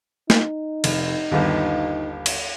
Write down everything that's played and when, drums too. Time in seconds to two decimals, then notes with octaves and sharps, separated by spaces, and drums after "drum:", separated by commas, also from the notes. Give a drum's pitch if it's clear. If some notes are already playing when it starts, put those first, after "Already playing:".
0.30 D#4, drum: snare
0.84 F1, drum: cymbal
1.31 G1 D#2
2.26 drum: cymbal